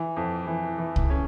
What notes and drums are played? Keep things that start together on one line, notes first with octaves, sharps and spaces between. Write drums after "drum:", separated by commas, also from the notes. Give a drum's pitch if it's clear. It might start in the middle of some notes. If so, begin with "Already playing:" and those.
Already playing: E3
F2
E3
E3
drum: kick C2
C#4